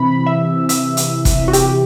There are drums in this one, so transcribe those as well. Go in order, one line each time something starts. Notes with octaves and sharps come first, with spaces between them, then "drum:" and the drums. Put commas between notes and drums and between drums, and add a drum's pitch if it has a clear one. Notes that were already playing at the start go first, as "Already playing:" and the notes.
Already playing: C3 E3 B5
E5
E5, drum: hi-hat
drum: hi-hat
drum: kick F1, hi-hat
F#4
G4, drum: hi-hat